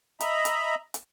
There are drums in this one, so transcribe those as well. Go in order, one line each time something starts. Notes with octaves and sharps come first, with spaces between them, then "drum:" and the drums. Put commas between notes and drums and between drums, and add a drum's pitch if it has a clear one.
D#5 E5 A#5 B5, drum: hi-hat
drum: hi-hat
drum: hi-hat